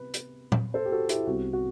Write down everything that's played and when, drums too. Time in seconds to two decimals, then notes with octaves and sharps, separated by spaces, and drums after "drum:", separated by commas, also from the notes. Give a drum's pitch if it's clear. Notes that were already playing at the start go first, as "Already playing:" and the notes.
Already playing: C3 B3 B4
0.14 drum: hi-hat
0.52 drum: tom A#2
0.74 A4 C5
0.86 G4
0.92 F#4 A4
1.09 E4 G4, drum: hi-hat
1.27 C2 C3 G3 B3 F#4
1.53 F#4